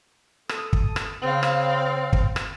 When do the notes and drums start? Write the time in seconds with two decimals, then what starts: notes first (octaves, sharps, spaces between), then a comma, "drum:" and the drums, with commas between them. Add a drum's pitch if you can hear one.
0.49 A4 D#6, drum: rim click
0.73 drum: kick
0.96 drum: rim click
1.22 C#3 C4 F5
1.43 drum: rim click
2.13 drum: kick
2.36 drum: rim click